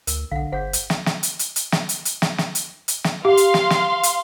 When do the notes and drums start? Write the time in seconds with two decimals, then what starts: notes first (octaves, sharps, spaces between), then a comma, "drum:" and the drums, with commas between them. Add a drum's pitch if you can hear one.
0.07 D2 A#4, drum: hi-hat
0.31 B1 D3 F5 F#5
0.52 G1 G#4 C5 F#5 G6 B6
0.73 drum: hi-hat
0.90 drum: snare
1.06 drum: snare
1.23 drum: hi-hat
1.39 drum: hi-hat
1.56 drum: hi-hat
1.72 drum: snare
1.89 drum: hi-hat
2.05 drum: hi-hat
2.22 drum: snare
2.38 drum: snare
2.55 drum: hi-hat
2.88 drum: hi-hat
3.04 drum: snare
3.25 G4 F5 C6
3.37 drum: hi-hat
3.54 drum: snare
3.70 drum: snare
4.03 drum: hi-hat